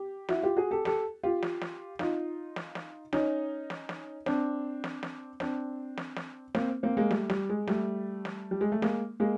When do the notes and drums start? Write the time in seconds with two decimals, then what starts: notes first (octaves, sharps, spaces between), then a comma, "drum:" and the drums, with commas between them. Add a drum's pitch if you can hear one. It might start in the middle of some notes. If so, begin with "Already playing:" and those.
Already playing: G4
0.29 E4 F#4, drum: snare
0.43 F4 G4
0.57 F#4 G#4
0.71 G4 A4
0.85 G4 A4, drum: snare
1.23 F4 G4
1.43 drum: snare
1.61 drum: snare
1.99 D#4 F4, drum: snare
2.56 drum: snare
2.75 drum: snare
3.13 C#4 D#4, drum: snare
3.70 drum: snare
3.89 drum: snare
4.26 C4 D4, drum: snare
4.84 drum: snare
5.03 drum: snare
5.40 C4 D4, drum: snare
5.97 drum: snare
6.16 drum: snare
6.55 A#3 C4, drum: snare
6.83 A#3 C4
6.97 G#3 A#3
7.11 G3 A3, drum: snare
7.30 G3, drum: snare
7.49 G#3
7.67 G3 A3, drum: snare
8.25 drum: snare
8.51 G3
8.61 G#3
8.72 A3
8.82 G#3 A#3, drum: snare
9.20 G#3 A#3